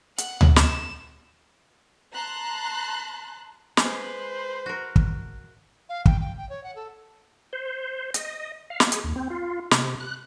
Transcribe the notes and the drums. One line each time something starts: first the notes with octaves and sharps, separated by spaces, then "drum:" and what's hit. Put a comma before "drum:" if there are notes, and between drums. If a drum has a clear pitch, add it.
F#5, drum: hi-hat
drum: tom D2
E7, drum: snare
A5 A#5 C6 F#6
G#3 B4 C5, drum: snare
F#4 A#4
drum: kick
F5
G5, drum: kick
G5
G5
C#5
F#5
A4
C5
D#5, drum: hi-hat
F5
drum: snare
G#4, drum: hi-hat
D#2
C4
F4
C3, drum: snare
F#6